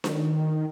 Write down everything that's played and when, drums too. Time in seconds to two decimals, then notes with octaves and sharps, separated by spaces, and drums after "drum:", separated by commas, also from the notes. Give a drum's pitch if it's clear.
0.04 D#3, drum: snare D4